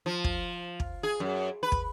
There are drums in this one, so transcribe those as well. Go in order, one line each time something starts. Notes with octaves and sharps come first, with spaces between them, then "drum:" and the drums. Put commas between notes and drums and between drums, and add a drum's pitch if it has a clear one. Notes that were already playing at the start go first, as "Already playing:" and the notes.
F3
drum: kick
drum: kick
G#4
F#2
B4
drum: kick